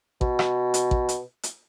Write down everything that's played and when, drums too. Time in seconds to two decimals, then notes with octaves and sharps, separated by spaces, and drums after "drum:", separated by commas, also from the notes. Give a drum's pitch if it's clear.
0.21 B2, drum: kick A1
0.39 drum: rim click
0.74 drum: hi-hat
0.91 drum: kick A1
1.09 drum: hi-hat
1.43 drum: hi-hat